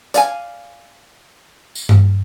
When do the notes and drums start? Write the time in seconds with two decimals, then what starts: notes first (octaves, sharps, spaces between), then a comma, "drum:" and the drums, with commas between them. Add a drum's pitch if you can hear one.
0.14 D5 F5 G#5, drum: hi-hat
1.75 drum: tambourine
1.89 drum: tom G2